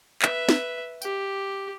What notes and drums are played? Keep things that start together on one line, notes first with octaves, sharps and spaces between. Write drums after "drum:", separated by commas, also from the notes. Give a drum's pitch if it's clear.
B4 E5, drum: clap
drum: snare
G4, drum: tambourine